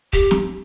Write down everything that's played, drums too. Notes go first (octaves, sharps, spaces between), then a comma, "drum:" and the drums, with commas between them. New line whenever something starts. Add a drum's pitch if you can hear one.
G4, drum: kick
drum: snare